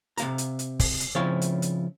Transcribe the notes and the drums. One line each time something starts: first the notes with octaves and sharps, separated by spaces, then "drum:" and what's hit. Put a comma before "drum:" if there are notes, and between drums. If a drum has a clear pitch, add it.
C3 F5 A#5, drum: hi-hat
drum: hi-hat
drum: hi-hat
drum: kick, open hi-hat
drum: hi-hat
C#3 F3 C4 E4 C#5 F5
drum: hi-hat
drum: hi-hat